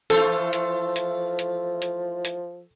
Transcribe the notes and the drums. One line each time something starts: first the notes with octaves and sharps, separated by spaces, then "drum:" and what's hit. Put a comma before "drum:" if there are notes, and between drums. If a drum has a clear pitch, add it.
E3 F3 A3 F4 A4, drum: hi-hat
drum: hi-hat
drum: hi-hat
drum: hi-hat
drum: hi-hat
drum: hi-hat